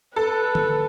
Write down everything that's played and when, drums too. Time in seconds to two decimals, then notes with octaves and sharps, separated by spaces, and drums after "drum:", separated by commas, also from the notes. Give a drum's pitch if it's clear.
0.16 A4 B4
0.55 drum: tom D3